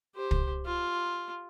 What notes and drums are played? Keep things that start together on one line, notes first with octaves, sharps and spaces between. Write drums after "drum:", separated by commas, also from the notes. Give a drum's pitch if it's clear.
G4 C5
drum: kick
F4